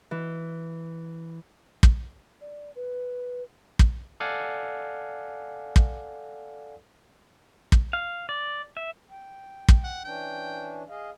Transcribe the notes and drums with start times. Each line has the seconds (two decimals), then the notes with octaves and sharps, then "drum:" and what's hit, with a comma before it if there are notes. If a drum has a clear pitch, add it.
0.11 E3
1.83 drum: kick
2.41 D5
2.75 B4
3.79 drum: kick
4.20 A4 D5 F5 F#5 G#5
5.76 drum: kick
7.72 drum: kick
7.93 F5
8.29 D5
8.77 E5
9.11 G5
9.68 drum: kick
9.84 F#5
10.04 E3 C#4 D4 G5
10.89 G#4 D#5 F5